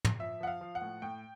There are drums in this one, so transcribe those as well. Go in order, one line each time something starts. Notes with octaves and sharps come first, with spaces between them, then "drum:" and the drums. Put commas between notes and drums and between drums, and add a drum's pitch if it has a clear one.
drum: tom
F3 E5
F3 F#5
F5
F3
F#5
A2
A2 G5